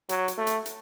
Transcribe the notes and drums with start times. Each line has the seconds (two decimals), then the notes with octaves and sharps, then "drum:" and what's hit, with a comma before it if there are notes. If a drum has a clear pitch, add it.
0.09 F#3, drum: hi-hat
0.28 drum: hi-hat
0.38 A3
0.47 drum: hi-hat
0.66 drum: hi-hat